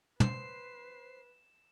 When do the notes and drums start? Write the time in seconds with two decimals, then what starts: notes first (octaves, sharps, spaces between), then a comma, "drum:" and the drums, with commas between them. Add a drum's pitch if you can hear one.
0.20 B4 C5 C7 E7, drum: tom